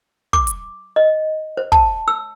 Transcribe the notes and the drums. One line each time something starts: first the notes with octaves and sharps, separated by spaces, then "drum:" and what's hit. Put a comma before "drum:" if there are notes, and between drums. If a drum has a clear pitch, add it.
D6, drum: kick
drum: hi-hat
D#5
C5
A5, drum: kick
E6